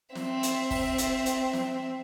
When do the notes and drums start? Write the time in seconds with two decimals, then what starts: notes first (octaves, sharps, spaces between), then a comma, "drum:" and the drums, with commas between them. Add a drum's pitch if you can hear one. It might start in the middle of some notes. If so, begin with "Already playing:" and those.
0.15 C4 E5, drum: snare
0.43 drum: hi-hat
0.71 drum: kick, open hi-hat
0.98 drum: hi-hat
1.26 drum: hi-hat
1.53 drum: snare